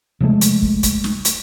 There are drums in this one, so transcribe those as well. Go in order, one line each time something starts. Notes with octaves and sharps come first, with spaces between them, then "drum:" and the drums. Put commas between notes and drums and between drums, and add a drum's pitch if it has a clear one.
C3 F3 G#3 A3
drum: hi-hat
drum: kick
drum: kick, hi-hat
drum: snare
drum: hi-hat